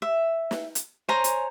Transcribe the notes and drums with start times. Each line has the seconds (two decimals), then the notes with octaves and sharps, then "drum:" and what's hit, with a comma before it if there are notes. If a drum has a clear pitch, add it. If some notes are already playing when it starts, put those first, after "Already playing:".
0.02 E5
0.51 drum: snare
0.75 drum: hi-hat
1.09 C5 C#5 G#5 A#5
1.24 drum: hi-hat